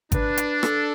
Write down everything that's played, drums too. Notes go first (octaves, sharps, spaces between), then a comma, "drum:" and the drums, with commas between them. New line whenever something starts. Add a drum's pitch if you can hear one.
D4 B4, drum: kick G#1, hi-hat
drum: hi-hat
A4, drum: rim click